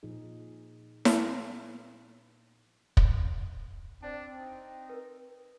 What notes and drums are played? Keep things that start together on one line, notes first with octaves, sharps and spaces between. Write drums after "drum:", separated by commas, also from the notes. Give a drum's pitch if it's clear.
A#2 F3 D#4 G#4
drum: snare E4
drum: kick
C4 D4 D5 A5
D#4
A#4 B4